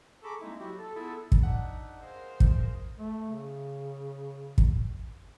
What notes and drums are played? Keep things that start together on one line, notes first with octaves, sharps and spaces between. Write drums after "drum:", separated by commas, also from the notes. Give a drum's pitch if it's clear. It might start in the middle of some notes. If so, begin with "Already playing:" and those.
G#4 A4 A#5 B5 C#6 D6
G3 G#3 A#3 C4 D#4 E4
F#3 E4 F#4 G4
A4
B3 E4 F4 G#4 A4
drum: kick
D4 D#4 E5 F#5
G#4 A#4 C5 D#5 F5
drum: kick
A3
C#3
drum: kick